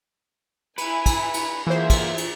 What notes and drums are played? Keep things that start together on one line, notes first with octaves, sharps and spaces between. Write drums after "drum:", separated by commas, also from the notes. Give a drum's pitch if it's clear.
E4 B4 G#5, drum: cymbal
drum: kick, cymbal
drum: cymbal
E3 F#3 A#3 F4 G#4 C5 E5
drum: kick, cymbal
drum: cymbal